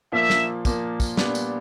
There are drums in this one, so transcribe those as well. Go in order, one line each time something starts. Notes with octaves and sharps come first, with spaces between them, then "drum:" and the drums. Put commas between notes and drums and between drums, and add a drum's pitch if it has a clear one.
A#2 F3 A#3 E5
drum: snare
A#2 F3 A#3, drum: kick, tambourine
drum: kick, tambourine
A#2 G3 B3 D4, drum: snare
drum: tambourine